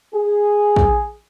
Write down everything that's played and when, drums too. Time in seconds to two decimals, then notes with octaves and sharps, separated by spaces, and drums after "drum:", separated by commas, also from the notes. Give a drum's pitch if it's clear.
0.15 G#4
0.76 drum: kick